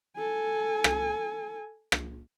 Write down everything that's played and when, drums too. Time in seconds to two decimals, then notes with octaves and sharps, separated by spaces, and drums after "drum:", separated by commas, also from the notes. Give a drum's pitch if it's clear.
0.17 A4 G#5
0.84 drum: rim click
1.92 drum: rim click